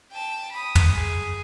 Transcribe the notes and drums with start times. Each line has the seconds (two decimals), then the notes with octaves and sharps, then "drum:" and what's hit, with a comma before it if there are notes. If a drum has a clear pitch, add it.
0.12 G5 A5
0.52 B5 D#6
0.75 drum: tom
0.93 F#2 G#4